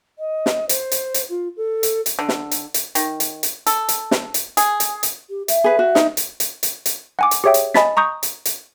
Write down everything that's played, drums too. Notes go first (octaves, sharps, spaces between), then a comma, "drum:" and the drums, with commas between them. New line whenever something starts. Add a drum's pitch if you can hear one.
D#5
drum: snare
C5, drum: hi-hat
drum: hi-hat
drum: hi-hat
F4
A4
drum: hi-hat
drum: hi-hat
D3
drum: snare
drum: hi-hat
drum: hi-hat
D#3, drum: hi-hat
drum: hi-hat
drum: hi-hat
A4, drum: hi-hat
drum: hi-hat
drum: snare
drum: hi-hat
G#4, drum: hi-hat
drum: hi-hat
drum: hi-hat
G4
E5, drum: hi-hat
G#4 B4
F#4
D#4, drum: snare
drum: hi-hat
drum: hi-hat
drum: hi-hat
drum: hi-hat
F#5 G#5 D6
drum: hi-hat
G4 G#4 C#5 E5 G5
drum: hi-hat
D#5 G#5 A5 B5 A6 B6, drum: snare
A#5 C#6 D#6 G6
drum: hi-hat
drum: hi-hat